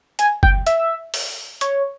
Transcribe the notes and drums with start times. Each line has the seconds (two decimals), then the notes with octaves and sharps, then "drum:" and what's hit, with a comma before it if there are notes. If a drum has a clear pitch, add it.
0.19 G#5, drum: hi-hat
0.43 G5, drum: kick F#1
0.66 E5, drum: hi-hat
1.14 drum: open hi-hat
1.61 C#5, drum: hi-hat